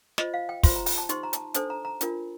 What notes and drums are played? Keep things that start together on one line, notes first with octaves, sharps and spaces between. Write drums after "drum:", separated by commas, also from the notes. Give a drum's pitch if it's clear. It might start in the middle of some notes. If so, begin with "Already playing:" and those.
F4 C5 D#5, drum: snare
F5
G5
F4 C5 C6, drum: kick, open hi-hat
A#5
G5, drum: open hi-hat
A5
D#4 G4 C5 C6, drum: hi-hat
A#5
A5, drum: hi-hat
D4 A4 C5 A5, drum: hi-hat
A#5
A#5
D4 F4 A#4, drum: hi-hat